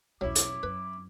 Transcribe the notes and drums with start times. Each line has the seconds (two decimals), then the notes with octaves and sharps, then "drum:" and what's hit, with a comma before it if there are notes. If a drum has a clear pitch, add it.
0.21 B1 E2 F#3 C#4 E4 D6
0.35 drum: hi-hat
0.63 F#2 B4